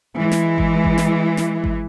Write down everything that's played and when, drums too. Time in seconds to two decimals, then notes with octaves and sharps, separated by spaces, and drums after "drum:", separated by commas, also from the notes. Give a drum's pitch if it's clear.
0.18 E3 G#3
0.32 drum: snare
0.58 drum: kick G#1
0.84 drum: kick G#1
0.98 drum: snare
1.37 drum: snare
1.64 drum: kick G#1